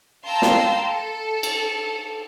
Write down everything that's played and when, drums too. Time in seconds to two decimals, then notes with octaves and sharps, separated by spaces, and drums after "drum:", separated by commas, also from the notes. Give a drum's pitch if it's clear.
0.26 F5 G5 A5 A#5 C6 E6
0.42 drum: snare
0.89 A4
1.43 drum: cymbal